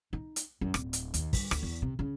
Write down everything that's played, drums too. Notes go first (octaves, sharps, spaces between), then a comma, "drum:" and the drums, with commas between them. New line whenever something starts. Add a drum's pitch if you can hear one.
D#4
drum: hi-hat
F#2
D1, drum: rim click
drum: hi-hat
D#2, drum: hi-hat
G2, drum: kick, open hi-hat
D2, drum: rim click
E2
C3
C#3